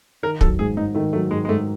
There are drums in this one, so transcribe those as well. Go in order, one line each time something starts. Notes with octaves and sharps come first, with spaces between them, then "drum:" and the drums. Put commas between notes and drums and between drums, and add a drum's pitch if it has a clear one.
D#3 A#4
F#3 A4, drum: kick
G#2 G#4
G#2 D#4
D#3 A3
F#3 A3
G#2 G#3
G#3
G#2 A3